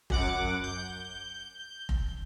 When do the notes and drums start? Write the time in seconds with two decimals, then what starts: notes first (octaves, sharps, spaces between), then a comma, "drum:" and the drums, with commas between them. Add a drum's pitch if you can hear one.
0.10 F#2 F#5 D6, drum: kick F1
0.64 G6
1.89 drum: kick F1